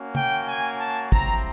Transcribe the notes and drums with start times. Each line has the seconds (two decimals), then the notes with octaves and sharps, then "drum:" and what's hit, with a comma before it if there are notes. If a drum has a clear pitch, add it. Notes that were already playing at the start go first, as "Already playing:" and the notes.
Already playing: A#3 C#4 F#4
0.15 G5, drum: tom C#3
0.47 G#5
0.80 A5
1.12 C4 E4 G4 A#5, drum: kick